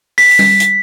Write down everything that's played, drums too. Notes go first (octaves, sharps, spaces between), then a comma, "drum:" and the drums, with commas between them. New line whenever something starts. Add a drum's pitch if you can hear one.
B6, drum: open hi-hat
drum: tom G3
drum: hi-hat